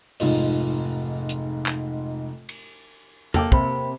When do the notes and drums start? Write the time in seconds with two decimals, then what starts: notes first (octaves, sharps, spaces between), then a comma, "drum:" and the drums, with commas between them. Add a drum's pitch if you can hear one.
0.20 F1 G#2 F4 D#5, drum: open hi-hat
1.29 drum: hi-hat
1.66 drum: clap
2.49 drum: cymbal
3.34 A#3 A4 G5 D6, drum: tom E2
3.52 C3 C5 B5, drum: kick